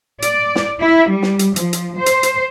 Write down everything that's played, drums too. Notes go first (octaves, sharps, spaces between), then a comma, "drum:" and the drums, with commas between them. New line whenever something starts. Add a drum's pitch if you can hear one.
D5, drum: hi-hat
drum: snare
E4
G3
drum: snare
drum: hi-hat
F3, drum: hi-hat
drum: hi-hat
C5
drum: hi-hat
drum: hi-hat